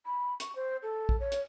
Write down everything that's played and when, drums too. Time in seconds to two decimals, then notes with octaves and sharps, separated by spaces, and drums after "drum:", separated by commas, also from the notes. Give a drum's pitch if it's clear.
0.06 B5
0.40 C#6, drum: hi-hat
0.56 C5
0.82 A4
1.09 drum: kick
1.20 C#5
1.32 drum: hi-hat